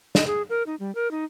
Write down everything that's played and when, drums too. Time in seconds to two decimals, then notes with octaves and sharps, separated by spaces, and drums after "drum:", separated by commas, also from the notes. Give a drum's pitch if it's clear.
0.15 D#5, drum: snare
0.27 G#4
0.50 A#4
0.67 D#4
0.80 G3
0.95 A#4
1.11 D#4